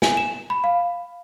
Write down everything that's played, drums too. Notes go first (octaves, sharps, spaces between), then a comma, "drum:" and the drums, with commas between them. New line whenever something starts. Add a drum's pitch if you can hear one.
G#5, drum: snare
E7
B5
F5